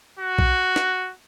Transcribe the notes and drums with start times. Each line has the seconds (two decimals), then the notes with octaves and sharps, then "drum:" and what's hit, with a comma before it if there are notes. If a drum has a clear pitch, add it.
0.20 F#4
0.39 drum: kick B1
0.76 drum: snare